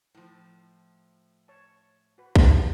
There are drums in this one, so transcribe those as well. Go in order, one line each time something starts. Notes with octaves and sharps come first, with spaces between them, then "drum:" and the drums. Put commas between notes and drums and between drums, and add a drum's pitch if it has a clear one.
A2 F3
C#5 A5
F#4 B4
F#4 A#4 C5, drum: kick B1